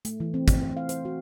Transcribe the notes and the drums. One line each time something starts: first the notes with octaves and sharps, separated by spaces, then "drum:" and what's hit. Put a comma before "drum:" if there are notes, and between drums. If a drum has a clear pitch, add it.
A3, drum: hi-hat
E3
C4
E3, drum: kick, hi-hat
C5
F5
C5, drum: hi-hat
F#4